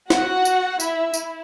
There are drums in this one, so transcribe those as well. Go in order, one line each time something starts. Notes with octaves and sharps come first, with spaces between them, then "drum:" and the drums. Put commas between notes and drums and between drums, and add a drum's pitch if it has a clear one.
F#4 F#5, drum: snare
drum: tambourine
E4 E5, drum: tambourine
E4, drum: tambourine